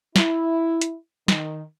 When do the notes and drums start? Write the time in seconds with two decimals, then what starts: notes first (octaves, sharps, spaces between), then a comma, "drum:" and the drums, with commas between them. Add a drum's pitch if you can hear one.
0.16 E4, drum: snare
0.81 drum: hi-hat
1.28 D#3, drum: snare